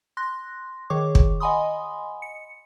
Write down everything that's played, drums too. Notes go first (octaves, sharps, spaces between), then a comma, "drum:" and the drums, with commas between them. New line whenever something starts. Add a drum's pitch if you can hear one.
C6 F#6 A#6
D#3 G#4 C#5 C#6 D6
drum: kick
D#5 F#5 G#5 B5 C6 D#6
C#7